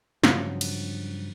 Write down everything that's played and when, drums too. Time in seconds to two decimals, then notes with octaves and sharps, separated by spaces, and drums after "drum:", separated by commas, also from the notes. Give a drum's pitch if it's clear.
0.23 G2 C#3 F3 F#3, drum: snare
0.61 drum: cymbal